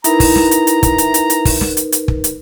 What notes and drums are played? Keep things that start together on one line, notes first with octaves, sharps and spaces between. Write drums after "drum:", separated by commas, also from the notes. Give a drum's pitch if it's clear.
D#4 E4 A#4 B4 A#5, drum: hi-hat
drum: kick, open hi-hat
drum: snare
drum: hi-hat
drum: hi-hat
drum: kick, hi-hat
drum: hi-hat
drum: hi-hat
drum: hi-hat
drum: kick, open hi-hat
drum: snare
drum: hi-hat
drum: hi-hat
drum: kick
drum: hi-hat